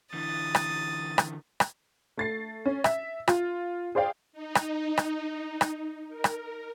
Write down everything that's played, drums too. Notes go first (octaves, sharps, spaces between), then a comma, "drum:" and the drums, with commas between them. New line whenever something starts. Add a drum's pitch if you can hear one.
D3 E3 D#6 A6
drum: rim click
drum: rim click
drum: rim click
A3 A6 C7
C#4
E5, drum: rim click
F4, drum: rim click
G#4 C5 D5 F5 G5
D#4
drum: rim click
drum: rim click
drum: rim click
A#4
drum: rim click